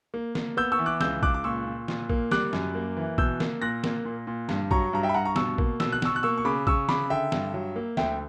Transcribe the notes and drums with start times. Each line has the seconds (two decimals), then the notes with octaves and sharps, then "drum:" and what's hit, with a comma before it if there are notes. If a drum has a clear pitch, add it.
0.14 A#3
0.35 A#3, drum: snare
0.57 B3 E6 G6
0.72 C#6 E6
0.79 E3
0.86 D6 F#6
1.01 C#2 E6 G6, drum: snare
1.22 C#2 D6 F#6, drum: kick
1.34 D6
1.44 A#2 C#6 E6
1.66 A#2
1.88 A#2, drum: snare
2.10 A#3, drum: kick
2.31 G3 D6 F#6, drum: snare
2.53 F#2, drum: snare
2.75 A#3
2.97 E3
3.18 B2 E6 G6, drum: kick
3.40 A#3, drum: snare
3.62 A#2 F#6 A#6
3.84 A#3, drum: snare
4.05 A#2
4.27 A#2
4.49 G2, drum: snare
4.71 F#3 A#5 C#6, drum: kick
4.93 G2 A#5
5.03 E5 G5
5.09 B5
5.14 G2 F#5 A#5
5.25 A#5 C#6
5.36 B2 C#6 E6, drum: snare
5.58 A#3, drum: kick
5.80 B2 E6, drum: snare
5.92 F#6
6.02 B2 C#6 E6, drum: snare
6.16 F#6
6.23 A#3 C#6 E6
6.38 C#6
6.45 C#3 B5 D6
6.67 C#3 C#6 E6, drum: kick
6.89 C#3 B5 D6, drum: snare
7.10 D3 E5 G5
7.32 G2, drum: snare
7.54 F#3
7.76 A#3
7.97 D2 E5 G5, drum: snare